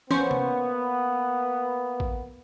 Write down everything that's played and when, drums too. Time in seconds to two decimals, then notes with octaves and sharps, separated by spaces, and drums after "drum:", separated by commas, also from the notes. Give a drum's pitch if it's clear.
0.11 A#3 B3 C#4 C5 C#6, drum: snare
0.31 drum: tom C3
2.00 drum: kick